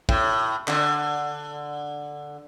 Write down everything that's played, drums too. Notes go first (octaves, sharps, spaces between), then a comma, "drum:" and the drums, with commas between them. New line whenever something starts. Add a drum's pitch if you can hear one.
A2, drum: kick
D3, drum: clap